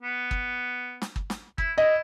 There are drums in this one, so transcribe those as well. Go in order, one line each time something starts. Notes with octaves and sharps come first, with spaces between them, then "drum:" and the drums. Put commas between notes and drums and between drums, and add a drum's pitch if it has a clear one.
B3
drum: kick
drum: snare
drum: kick
drum: snare
E4, drum: kick
E4 D#5